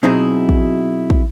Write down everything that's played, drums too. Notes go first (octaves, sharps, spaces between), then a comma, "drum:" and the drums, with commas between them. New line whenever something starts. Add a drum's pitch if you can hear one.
B2 F#3 C4 D#4 E4 G#4
drum: kick
drum: kick